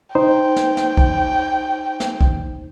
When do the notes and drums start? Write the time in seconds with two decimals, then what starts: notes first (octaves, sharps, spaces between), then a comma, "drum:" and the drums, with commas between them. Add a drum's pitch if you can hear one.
0.15 D#4 C5 G5
0.56 drum: snare
0.77 drum: snare
0.97 drum: kick
2.00 drum: snare
2.21 drum: kick